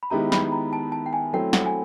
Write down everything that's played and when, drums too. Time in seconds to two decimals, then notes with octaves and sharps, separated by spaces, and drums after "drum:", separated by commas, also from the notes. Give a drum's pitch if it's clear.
0.03 B5
0.10 D#3 G#3 B3 E4 G4 A#5
0.32 B5, drum: snare
0.52 A#5
0.73 A5
0.92 A5
1.06 G5
1.13 G#5
1.33 F#3 A3 C4 E4 G5
1.53 F#5, drum: snare
1.66 G#5